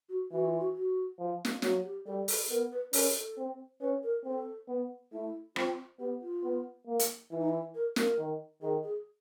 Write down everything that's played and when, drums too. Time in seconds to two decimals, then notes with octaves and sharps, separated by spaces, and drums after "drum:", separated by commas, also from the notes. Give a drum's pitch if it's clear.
0.09 F#4
0.31 E3 F#4
0.45 F4
0.59 F#4
0.75 F#4
1.18 F3
1.45 drum: snare
1.62 F#3 F#4, drum: snare
1.84 G4
2.06 G3 A4
2.28 A4, drum: open hi-hat
2.50 B3 A#4
2.72 B4
2.93 C#4 A#4, drum: open hi-hat
3.15 A4
3.37 C4
3.81 C#4 B4
4.03 A#4
4.24 C4 A4
4.68 B3
5.13 A3 E4
5.56 C4 F4, drum: rim click
5.99 B3 G4
6.21 F4
6.44 B3
6.86 A#3
6.99 drum: hi-hat
7.31 E3 E4
7.39 D#4
7.49 E4
7.75 A#4
7.96 A#4, drum: snare
8.18 D#3
8.61 D#3 G#4
8.83 G#4